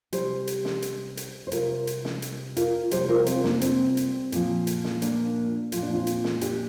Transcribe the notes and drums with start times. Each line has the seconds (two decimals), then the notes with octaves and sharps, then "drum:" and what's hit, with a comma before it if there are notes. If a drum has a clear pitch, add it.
0.13 C3 G3 G4 C5, drum: hi-hat
0.47 drum: hi-hat
0.65 drum: snare
0.82 drum: hi-hat
1.17 drum: hi-hat
1.47 C5
1.52 C3 G3 F4 A#4, drum: hi-hat
1.87 drum: hi-hat
2.05 drum: snare
2.22 drum: hi-hat
2.57 F4 A#4, drum: hi-hat
2.91 C3 G3 G4 C5, drum: hi-hat
3.09 F4 A#4
3.26 C4 F4, drum: hi-hat
3.44 A#3 D4, drum: snare
3.61 C4, drum: hi-hat
3.97 drum: hi-hat
4.32 A#2 F3, drum: hi-hat
4.67 drum: hi-hat
4.84 drum: snare
5.02 A#3 D4, drum: hi-hat
5.72 A#2 F3 F4, drum: hi-hat
5.83 D4
5.94 C4 F4
6.07 drum: hi-hat
6.24 drum: snare
6.41 D4 G4, drum: hi-hat